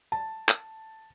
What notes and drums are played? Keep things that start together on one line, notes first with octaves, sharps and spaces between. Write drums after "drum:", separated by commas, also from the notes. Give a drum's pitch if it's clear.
A5
drum: clap